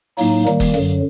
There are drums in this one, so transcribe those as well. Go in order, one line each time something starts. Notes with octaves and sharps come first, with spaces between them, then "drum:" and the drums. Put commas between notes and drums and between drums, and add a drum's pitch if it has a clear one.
A2 F#3 A#3 D#4, drum: open hi-hat
D#3 G3 A#3, drum: hi-hat
drum: kick, open hi-hat
F#2 D3 F#3, drum: hi-hat